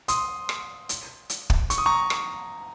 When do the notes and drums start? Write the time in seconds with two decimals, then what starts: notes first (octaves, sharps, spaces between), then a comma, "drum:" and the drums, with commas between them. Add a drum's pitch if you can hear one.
0.08 C6 D#6, drum: hi-hat
0.49 drum: rim click
0.89 drum: hi-hat
1.30 drum: hi-hat
1.50 drum: kick
1.70 C#6, drum: hi-hat
1.78 D#6
1.86 A#5 C#6
2.10 drum: rim click